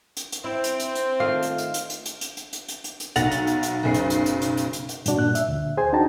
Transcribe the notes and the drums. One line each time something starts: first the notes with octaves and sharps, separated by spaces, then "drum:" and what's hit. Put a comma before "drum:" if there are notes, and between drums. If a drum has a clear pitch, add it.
drum: hi-hat
drum: hi-hat
C4 E4
drum: hi-hat
drum: hi-hat
drum: hi-hat
D#3 A3 F4 F5
drum: hi-hat
drum: hi-hat
drum: hi-hat
drum: hi-hat
drum: hi-hat
drum: hi-hat
drum: hi-hat
drum: hi-hat
drum: hi-hat
drum: hi-hat
drum: hi-hat
B1 F#5 A6 A#6 F7, drum: hi-hat
drum: hi-hat
drum: hi-hat
drum: hi-hat
F#1 B1 C7
drum: hi-hat
drum: hi-hat
drum: hi-hat
drum: hi-hat
drum: hi-hat
drum: hi-hat
drum: hi-hat
G2 B2 D4 F#4, drum: hi-hat
A#2 F#6
E5, drum: hi-hat
D2
G#4 C5 G#5
D4 D#4 F#4 G5 A5 A#5